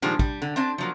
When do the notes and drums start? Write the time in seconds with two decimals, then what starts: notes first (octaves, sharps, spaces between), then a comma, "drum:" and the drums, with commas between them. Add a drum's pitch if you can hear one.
0.02 A#2 D#3 F3 G3 G#3 D4
0.19 G3, drum: kick
0.42 D3
0.56 C4 D4 A5
0.78 F3 F#3 A#3